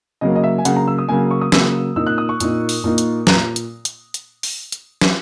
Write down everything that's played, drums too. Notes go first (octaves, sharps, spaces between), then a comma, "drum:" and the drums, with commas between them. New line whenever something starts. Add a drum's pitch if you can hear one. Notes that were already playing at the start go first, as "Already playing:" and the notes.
C#3 F#3 A#3 D#5
D#5
E5
G#5
C#3 F#3 A#3 F#5, drum: hi-hat
A#5
E6
D#6
C#3 F#3 A#3 G#5
C#6
D#6
C#3 F#3 A#3 E6, drum: snare
A#2 A#3 D#4 E6
F#6
D#6
C#6
A#2 A#3 D#4, drum: hi-hat
drum: open hi-hat
A#2 A#3 D#4
drum: hi-hat
A#2 A#5, drum: snare
drum: hi-hat
drum: hi-hat
drum: hi-hat
drum: open hi-hat
drum: hi-hat
drum: snare